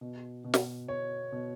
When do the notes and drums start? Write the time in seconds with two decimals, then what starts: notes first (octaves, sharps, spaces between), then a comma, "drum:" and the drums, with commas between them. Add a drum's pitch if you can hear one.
0.01 B2
0.44 B2
0.54 drum: snare
0.88 B2 C#5
1.32 B2